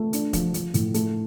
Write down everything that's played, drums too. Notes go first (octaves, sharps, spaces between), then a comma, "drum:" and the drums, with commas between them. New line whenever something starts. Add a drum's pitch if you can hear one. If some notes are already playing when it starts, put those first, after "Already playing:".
Already playing: A3
D4, drum: hi-hat
F3, drum: kick E1, hi-hat
F3, drum: hi-hat
A2, drum: hi-hat
A3, drum: hi-hat